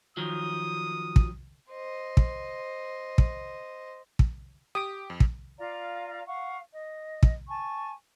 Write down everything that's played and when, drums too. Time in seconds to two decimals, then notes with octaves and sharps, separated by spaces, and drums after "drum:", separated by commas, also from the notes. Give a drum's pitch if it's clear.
0.17 D#3 F3 F#3 D#6
1.16 drum: kick
1.71 C5 D#5
2.17 drum: kick
3.18 drum: kick
4.19 drum: kick
4.75 G4 D#6 D7
5.10 F2
5.20 drum: kick
5.59 F4 D5 F5 A#5
6.26 F5 F#5 C#6
6.72 D#5
7.23 drum: kick
7.48 G#5 A5 C#6